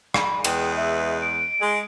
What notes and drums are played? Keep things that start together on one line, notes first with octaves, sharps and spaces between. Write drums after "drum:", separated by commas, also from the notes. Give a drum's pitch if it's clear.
B5, drum: rim click
E2 G#3 B4 G5, drum: cymbal
E5
D7
G#3